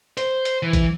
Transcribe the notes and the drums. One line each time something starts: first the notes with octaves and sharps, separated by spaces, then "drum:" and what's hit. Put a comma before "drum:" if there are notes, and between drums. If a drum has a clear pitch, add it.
C5, drum: hi-hat
drum: hi-hat
E3
drum: kick A#1, hi-hat